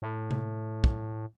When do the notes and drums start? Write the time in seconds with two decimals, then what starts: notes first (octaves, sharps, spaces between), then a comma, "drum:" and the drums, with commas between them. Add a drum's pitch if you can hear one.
0.02 A2
0.31 drum: tom C3
0.84 drum: kick